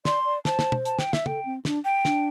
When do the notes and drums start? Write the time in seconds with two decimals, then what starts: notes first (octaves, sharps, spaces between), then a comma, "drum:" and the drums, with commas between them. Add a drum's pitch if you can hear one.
0.05 D5 C6, drum: snare
0.25 D5
0.45 C5 A5, drum: snare
0.59 drum: snare
0.72 drum: tom
0.85 A5, drum: hi-hat
0.99 G5, drum: snare
1.13 E5, drum: snare
1.26 A4 G5, drum: tom
1.45 C4
1.65 D4, drum: snare
1.85 G5
2.05 D4, drum: snare